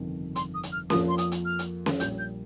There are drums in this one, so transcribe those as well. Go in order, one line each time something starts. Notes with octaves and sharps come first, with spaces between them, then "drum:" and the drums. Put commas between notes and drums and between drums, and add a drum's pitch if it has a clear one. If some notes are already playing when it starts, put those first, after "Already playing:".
Already playing: G1 F2 C3 D#3
C6, drum: hi-hat
D#6
drum: hi-hat
F6
F2 F3 A#3 F4 A#4 D#6, drum: snare C#4
C6
D#6, drum: hi-hat
drum: hi-hat
F6
drum: hi-hat
drum: snare C#4
A#1 A#2 G3 G6, drum: hi-hat
G6